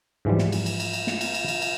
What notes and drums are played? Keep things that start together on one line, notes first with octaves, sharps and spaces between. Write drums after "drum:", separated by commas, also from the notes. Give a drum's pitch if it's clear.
G#2 E3 F3 G3
drum: snare
drum: cymbal
drum: cymbal
drum: cymbal
drum: cymbal
drum: snare
drum: cymbal
drum: cymbal
drum: cymbal
drum: cymbal